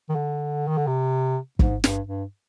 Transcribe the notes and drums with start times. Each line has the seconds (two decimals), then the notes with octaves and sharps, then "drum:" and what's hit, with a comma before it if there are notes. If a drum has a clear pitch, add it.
0.09 D#3
0.15 D3
0.67 D#3
0.78 D3
0.87 C3
1.59 G#2, drum: kick
1.84 G2, drum: snare
2.07 G2